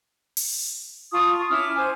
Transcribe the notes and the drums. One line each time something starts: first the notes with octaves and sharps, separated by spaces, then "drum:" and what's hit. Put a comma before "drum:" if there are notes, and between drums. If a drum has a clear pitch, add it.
drum: open hi-hat
F4 A5 C#6 D#6
C#4 E4 D6 F6
C5 G#5